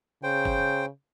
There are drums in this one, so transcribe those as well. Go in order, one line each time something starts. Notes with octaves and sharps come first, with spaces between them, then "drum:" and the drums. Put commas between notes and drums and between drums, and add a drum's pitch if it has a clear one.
C#3 C5 G5
drum: kick F#1